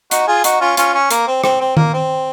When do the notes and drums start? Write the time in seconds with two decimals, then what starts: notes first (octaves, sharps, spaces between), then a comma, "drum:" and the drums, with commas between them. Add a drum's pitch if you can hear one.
0.11 D#4 F#4, drum: hi-hat
0.28 F4 G#4
0.44 D#4 F#4, drum: hi-hat
0.61 C#4 F4
0.77 C#4 F4, drum: hi-hat
0.94 C#4
1.11 A#3, drum: hi-hat
1.27 C4
1.44 C4, drum: rim click
1.61 C4
1.77 A#3, drum: tom D#3
1.94 C4